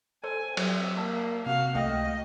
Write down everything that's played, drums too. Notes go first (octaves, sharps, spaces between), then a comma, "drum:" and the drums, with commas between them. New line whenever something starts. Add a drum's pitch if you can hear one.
A4 C5 G#5
F#3 C4, drum: cymbal
A#3 A5
C3 F#4 F5
C#2 A3 D#5 F5 G5